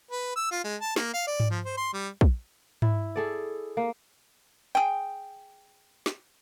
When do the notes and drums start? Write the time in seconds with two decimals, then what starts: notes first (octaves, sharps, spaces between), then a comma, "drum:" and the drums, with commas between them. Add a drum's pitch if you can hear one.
0.11 B4
0.36 E6
0.51 F4
0.64 G#3
0.81 A5
0.96 A#3, drum: snare
1.14 F5
1.27 D5
1.40 drum: tom G#2
1.50 F3
1.65 C5
1.77 C6
1.93 G3
2.21 drum: kick
2.82 E4, drum: tom G#2
3.16 G#4 A4 D5
3.77 A#3
4.75 G#4 G5
6.06 drum: snare